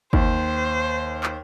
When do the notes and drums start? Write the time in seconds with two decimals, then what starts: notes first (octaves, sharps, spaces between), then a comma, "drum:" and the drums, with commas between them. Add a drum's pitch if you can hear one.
0.13 D#2 C5, drum: kick
1.23 drum: clap